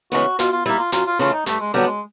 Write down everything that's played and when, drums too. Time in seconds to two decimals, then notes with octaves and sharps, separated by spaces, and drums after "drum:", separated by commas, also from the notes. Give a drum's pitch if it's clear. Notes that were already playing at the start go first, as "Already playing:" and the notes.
0.12 C#3 E3 G#3 B3 F#4
0.39 B2 F4, drum: hi-hat
0.53 F4
0.66 G3 A#3 E4
0.79 F4
0.92 F#2 F4, drum: hi-hat
1.06 F4
1.19 C#3 E3 A3 F4
1.33 D#4
1.46 G2 A3, drum: hi-hat
1.60 G#3
1.74 D3 F#3 G3 B3 D4
1.87 G#3